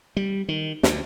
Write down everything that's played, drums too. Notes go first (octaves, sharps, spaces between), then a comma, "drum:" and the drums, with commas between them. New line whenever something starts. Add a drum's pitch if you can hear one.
G3
D#3
D2, drum: snare